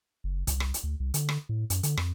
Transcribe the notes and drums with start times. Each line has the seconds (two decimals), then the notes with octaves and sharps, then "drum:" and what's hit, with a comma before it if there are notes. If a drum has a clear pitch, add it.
0.24 F#1
0.47 C2, drum: kick, hi-hat
0.60 drum: rim click
0.74 drum: hi-hat
0.83 D2
1.00 C2
1.14 D3, drum: hi-hat
1.29 drum: rim click
1.49 A2
1.70 F#2, drum: hi-hat
1.83 D3, drum: hi-hat
1.97 F2, drum: rim click